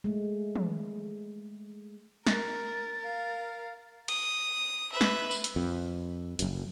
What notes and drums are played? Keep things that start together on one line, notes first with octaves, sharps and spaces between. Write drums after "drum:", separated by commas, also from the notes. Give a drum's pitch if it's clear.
G#3 A3
drum: tom
A#4 A6, drum: snare
A#4 F5
D#6, drum: cymbal
B4 E5
drum: snare
drum: tambourine
drum: hi-hat
F2
F#1 F#2, drum: hi-hat